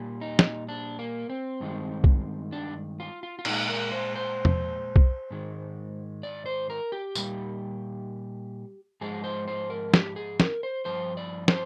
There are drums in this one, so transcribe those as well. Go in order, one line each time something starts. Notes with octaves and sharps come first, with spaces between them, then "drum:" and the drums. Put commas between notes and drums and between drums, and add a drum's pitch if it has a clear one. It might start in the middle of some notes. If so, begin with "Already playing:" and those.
Already playing: A#2 G3
D#4
drum: snare
D4
A#3
C4
G2 D#3 G#3
drum: kick B1
D4
F4
F4
F4
A#2 G#3 D#4, drum: cymbal
A#4
C5
C5
drum: tom E2
drum: kick B1
G#2 D#3 G#3
D5
C5
A#4
G4
A#2 G3, drum: tambourine
G#2 F3 G#3 G#4
C5
C5
A#4
G4, drum: snare
G#4
A#4, drum: snare
C5
G2 F3 C5
D5
C5, drum: snare